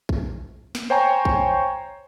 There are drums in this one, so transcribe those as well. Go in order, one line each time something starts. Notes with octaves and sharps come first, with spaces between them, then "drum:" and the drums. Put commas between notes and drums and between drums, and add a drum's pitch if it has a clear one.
drum: kick
drum: snare
C5 C#5 G5 G#5 A#5 C#6
drum: kick